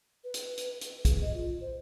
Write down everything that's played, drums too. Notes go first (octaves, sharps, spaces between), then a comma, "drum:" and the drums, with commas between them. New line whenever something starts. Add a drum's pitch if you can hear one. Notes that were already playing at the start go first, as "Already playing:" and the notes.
B4
drum: hi-hat
drum: hi-hat
drum: hi-hat
G#4, drum: kick, hi-hat
D#5
F4
C5